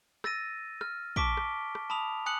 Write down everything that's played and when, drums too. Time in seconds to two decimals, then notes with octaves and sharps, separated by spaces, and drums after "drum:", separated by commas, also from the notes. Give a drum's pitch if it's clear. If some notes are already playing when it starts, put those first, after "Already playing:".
0.24 E6 A6 A#6 D#7, drum: rim click
0.81 F6, drum: rim click
1.16 A5 C#6 D6 B6 D7 G7, drum: kick A#1
1.37 drum: rim click
1.75 drum: rim click
1.90 A5 B5 D#6 F7
2.26 G#5 D#6 F#6 C#7 F#7